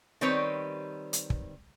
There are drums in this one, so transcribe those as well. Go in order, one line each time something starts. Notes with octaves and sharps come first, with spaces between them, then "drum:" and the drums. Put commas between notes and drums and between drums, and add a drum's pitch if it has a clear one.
D#3 G3 C4 B4 C#5
drum: hi-hat
drum: kick